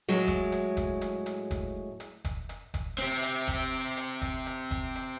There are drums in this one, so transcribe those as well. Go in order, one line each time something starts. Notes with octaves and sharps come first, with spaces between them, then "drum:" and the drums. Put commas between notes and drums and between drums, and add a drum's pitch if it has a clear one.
A2 F#3 G#3
drum: kick F1, hi-hat
drum: hi-hat
drum: kick F1, hi-hat
drum: hi-hat
drum: hi-hat
drum: kick F1, hi-hat
drum: hi-hat
drum: kick F1, hi-hat
drum: hi-hat
drum: kick F1, hi-hat
C4 G4, drum: hi-hat
drum: hi-hat
drum: kick F1, hi-hat
drum: hi-hat
drum: kick F1, hi-hat
drum: hi-hat
drum: kick F1, hi-hat
drum: hi-hat